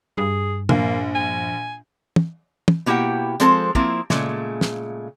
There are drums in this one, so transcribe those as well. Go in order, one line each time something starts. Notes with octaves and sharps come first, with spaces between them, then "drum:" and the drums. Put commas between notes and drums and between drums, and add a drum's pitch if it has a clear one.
G2 G#4
A#1 A#3, drum: tom
G#5
drum: tom
drum: tom
B2 A#3 E4 G4 F#5 G5
F3 G#3 C4 A4 C5, drum: hi-hat
F3 A#3 C4 E4, drum: kick
A#2 C#3 G#3 A3, drum: snare
drum: snare